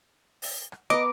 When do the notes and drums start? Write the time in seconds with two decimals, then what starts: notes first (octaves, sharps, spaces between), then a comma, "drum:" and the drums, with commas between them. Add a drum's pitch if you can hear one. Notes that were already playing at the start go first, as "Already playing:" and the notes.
0.42 drum: open hi-hat
0.72 drum: rim click
0.90 B3 A#4 D#5 D6